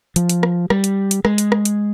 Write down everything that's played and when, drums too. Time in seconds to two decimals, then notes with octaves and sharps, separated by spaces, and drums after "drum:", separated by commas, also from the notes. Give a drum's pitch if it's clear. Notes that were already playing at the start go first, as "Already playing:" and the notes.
0.16 F3, drum: hi-hat
0.29 drum: hi-hat
0.43 drum: rim click
0.70 G3, drum: rim click
0.84 drum: hi-hat
1.11 drum: hi-hat
1.25 G#3, drum: rim click
1.38 drum: hi-hat
1.52 drum: rim click
1.65 drum: hi-hat